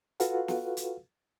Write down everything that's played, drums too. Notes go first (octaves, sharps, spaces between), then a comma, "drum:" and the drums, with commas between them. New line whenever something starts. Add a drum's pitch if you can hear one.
F4 F#4 A4 B4 F5 F#5, drum: hi-hat
drum: snare
drum: hi-hat